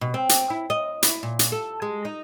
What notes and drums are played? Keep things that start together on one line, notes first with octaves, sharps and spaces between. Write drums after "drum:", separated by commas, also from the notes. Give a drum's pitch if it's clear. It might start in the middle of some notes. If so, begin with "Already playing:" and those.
B2
C4
drum: hi-hat
E4
D#5
E4, drum: hi-hat
A#2
drum: hi-hat
A4
G#3
D#4